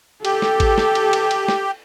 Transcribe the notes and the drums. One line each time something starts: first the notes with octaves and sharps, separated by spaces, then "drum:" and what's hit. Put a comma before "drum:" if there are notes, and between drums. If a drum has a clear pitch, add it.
G4 A4, drum: cymbal
drum: snare
drum: kick G#1, cymbal
drum: snare
drum: cymbal
drum: cymbal
drum: cymbal
drum: snare